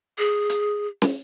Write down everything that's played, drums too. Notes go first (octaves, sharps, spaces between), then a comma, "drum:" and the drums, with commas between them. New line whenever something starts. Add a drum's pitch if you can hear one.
G#4
drum: hi-hat
drum: snare